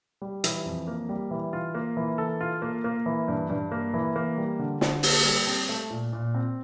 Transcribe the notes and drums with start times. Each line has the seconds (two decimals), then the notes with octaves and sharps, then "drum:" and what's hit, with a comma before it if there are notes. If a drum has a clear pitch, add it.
0.22 G3
0.44 E3, drum: hi-hat
0.65 F2
0.87 A#3
1.09 G3
1.31 E3
1.53 F4
1.75 A#3
1.97 E3
2.18 A4
2.41 F4
2.62 A#3
2.84 A#3
3.06 E3
3.28 G2
3.50 G2
3.72 A#3
3.94 E3
4.16 A#3
4.38 G3
4.59 D3
4.81 D3, drum: snare
5.03 A#3, drum: open hi-hat
5.25 G3
5.47 C4
5.69 A3
5.90 A#2
6.13 A#2
6.35 C4